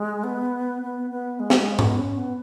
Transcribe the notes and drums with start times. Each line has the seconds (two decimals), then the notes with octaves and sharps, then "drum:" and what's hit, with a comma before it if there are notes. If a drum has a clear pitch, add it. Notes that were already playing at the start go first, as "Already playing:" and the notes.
Already playing: G#3
0.24 B3
0.82 B3
1.10 B3
1.40 G#3
1.50 drum: snare
1.59 G#3
1.79 B3, drum: tom G#2
1.99 C#4
2.18 B3